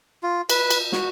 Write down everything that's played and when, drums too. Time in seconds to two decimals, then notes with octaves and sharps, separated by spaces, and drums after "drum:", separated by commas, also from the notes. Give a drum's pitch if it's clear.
0.23 F4
0.50 B4, drum: cymbal
0.70 drum: cymbal
0.92 F#4, drum: snare